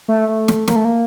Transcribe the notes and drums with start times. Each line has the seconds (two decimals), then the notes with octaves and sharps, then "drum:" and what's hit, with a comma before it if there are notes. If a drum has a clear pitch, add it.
0.08 A3
0.28 A3
0.48 drum: snare
0.68 A#3, drum: snare
0.76 A3
0.85 A#3